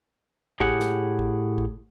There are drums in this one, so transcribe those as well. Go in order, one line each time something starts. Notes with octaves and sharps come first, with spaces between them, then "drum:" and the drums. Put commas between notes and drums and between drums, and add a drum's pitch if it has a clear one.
A2 G4 G#4 F#5, drum: kick G#1
drum: snare
drum: kick G#1
drum: kick G#1